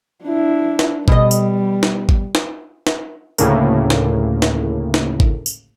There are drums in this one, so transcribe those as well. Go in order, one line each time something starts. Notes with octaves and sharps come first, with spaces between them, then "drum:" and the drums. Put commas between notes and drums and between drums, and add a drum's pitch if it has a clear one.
D4 E4
drum: snare
B2 G3 D#5, drum: kick G#1
drum: tambourine
drum: snare
drum: kick G#1
drum: snare
drum: snare
D2 A2 C#3 A#3, drum: tambourine
drum: snare
drum: snare
drum: snare
drum: kick G#1
drum: tambourine